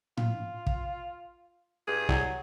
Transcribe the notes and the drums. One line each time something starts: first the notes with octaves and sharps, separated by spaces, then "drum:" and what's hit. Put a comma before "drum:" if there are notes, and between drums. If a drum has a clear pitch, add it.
F4, drum: tom A2
drum: kick
G2 G#4
C2 F#3